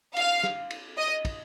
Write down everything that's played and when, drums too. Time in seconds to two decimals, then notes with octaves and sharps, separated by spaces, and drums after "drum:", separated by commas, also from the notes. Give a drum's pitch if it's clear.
0.16 F5, drum: cymbal
0.43 drum: snare
0.71 drum: cymbal
0.98 D#5
1.25 drum: kick, cymbal